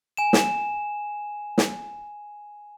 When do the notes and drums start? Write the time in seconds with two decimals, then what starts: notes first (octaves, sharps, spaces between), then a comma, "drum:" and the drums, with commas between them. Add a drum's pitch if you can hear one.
0.17 G#5 E7
0.33 drum: snare
1.58 drum: snare